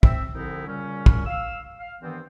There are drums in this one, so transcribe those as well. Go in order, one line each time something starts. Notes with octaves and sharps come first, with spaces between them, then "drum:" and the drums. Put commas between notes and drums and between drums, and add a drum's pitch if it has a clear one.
C4 E5, drum: kick
C2 D3 F3 C4 D#4 E4
A#2 C#3 G3 C#4
drum: kick
F5 E6
F5
G2 D#3 E3 B3 C4